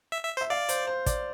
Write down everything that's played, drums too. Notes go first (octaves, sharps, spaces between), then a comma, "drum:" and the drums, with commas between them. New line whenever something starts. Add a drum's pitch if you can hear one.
E5
E5
C5
E5
D5 F5
C5, drum: hi-hat
C5
D5, drum: kick, hi-hat